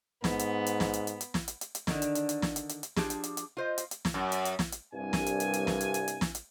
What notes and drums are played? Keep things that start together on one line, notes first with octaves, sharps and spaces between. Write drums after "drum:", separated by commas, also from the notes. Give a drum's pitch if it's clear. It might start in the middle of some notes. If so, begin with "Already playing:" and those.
G#2 B3, drum: snare
drum: hi-hat
drum: hi-hat
drum: snare
drum: hi-hat
drum: hi-hat
drum: hi-hat
drum: snare
drum: hi-hat
drum: hi-hat
drum: hi-hat
D3 D#3, drum: snare
drum: hi-hat
drum: hi-hat
drum: hi-hat
drum: snare
drum: hi-hat
drum: hi-hat
drum: hi-hat
F3 D4 G4 G#4 A5, drum: snare
drum: hi-hat
drum: hi-hat
drum: hi-hat
F4 C5 D#5
drum: hi-hat
drum: hi-hat
drum: snare
F#2
drum: hi-hat
drum: hi-hat
drum: snare
drum: hi-hat
C2 G2 G#5
drum: snare
drum: hi-hat
drum: hi-hat
drum: hi-hat
drum: snare
drum: hi-hat
drum: hi-hat
drum: hi-hat
drum: snare
drum: hi-hat